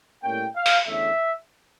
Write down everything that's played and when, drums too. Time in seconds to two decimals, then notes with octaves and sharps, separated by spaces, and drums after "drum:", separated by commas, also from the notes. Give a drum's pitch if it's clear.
0.22 A2 G3 A#3 C#4 G5
0.55 F5
0.66 drum: open hi-hat
0.87 E2 D3 A3 C#4 E5